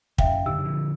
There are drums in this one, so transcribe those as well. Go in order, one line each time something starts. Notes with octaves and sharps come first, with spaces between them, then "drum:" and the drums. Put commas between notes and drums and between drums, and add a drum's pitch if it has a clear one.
F#1 F#2 E5 F5 G5, drum: kick
F#2 D3 D#3 G4 E6
D3 F3